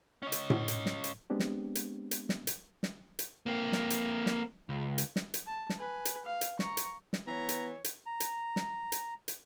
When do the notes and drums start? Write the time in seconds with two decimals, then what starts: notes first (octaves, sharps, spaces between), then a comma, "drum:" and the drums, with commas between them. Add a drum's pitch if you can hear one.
0.23 C#4 D#5
0.32 drum: hi-hat
0.50 drum: tom A2
0.68 drum: hi-hat
0.86 drum: snare
1.04 drum: hi-hat
1.30 G#3 B3 C4 D4 G4
1.40 drum: snare
1.75 drum: hi-hat
2.11 drum: hi-hat
2.29 drum: snare
2.47 drum: hi-hat
2.83 drum: snare
3.19 drum: hi-hat
3.46 A#3 C4
3.72 drum: snare
3.90 drum: hi-hat
4.26 drum: snare
4.69 C#2
4.98 drum: hi-hat
5.16 drum: snare
5.34 drum: hi-hat
5.46 A5
5.69 drum: snare
5.79 B4 G#5
6.05 drum: hi-hat
6.25 F5
6.41 drum: hi-hat
6.59 A#5 C#6, drum: snare
6.77 drum: hi-hat
7.13 drum: snare
7.27 E3 B3 C#5 A#5
7.49 drum: hi-hat
7.84 drum: hi-hat
8.06 A#5
8.20 drum: hi-hat
8.56 drum: snare
8.92 drum: hi-hat
9.28 drum: hi-hat